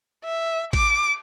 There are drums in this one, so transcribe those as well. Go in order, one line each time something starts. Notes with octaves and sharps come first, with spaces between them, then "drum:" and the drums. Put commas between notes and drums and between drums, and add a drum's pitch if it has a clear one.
E5
D6, drum: kick A1, cymbal